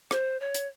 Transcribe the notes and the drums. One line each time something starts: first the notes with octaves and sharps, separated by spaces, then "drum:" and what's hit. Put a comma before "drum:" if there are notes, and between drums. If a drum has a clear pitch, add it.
C5, drum: rim click
C#5
drum: hi-hat